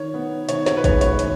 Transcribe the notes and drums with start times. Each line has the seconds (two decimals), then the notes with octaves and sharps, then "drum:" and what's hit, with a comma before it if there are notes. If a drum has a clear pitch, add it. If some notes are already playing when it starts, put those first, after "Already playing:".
Already playing: D#3 C#5
0.14 B3
0.49 D#3 C#5, drum: hi-hat
0.66 C#5, drum: snare
0.77 B4
0.84 G#3 B3 C#5, drum: kick, hi-hat
1.01 C#5, drum: hi-hat
1.19 D#3, drum: hi-hat